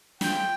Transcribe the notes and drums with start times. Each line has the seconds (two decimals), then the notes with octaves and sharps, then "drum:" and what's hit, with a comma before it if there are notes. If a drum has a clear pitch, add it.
0.21 G#3 C4 F4 G5, drum: snare